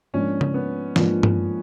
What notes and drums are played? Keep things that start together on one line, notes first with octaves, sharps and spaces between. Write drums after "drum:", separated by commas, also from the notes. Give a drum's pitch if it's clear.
G#2 F3 A#3 C#4 D4 F4
drum: tom C#3
B3
G#2 F3 A#3 D4 F4, drum: snare
drum: tom G2